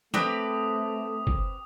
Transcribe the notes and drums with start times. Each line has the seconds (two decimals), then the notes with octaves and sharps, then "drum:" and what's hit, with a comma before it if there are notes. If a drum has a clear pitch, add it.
0.14 A3 C4 G4 B4 D6 D#6, drum: snare
1.27 drum: kick F#1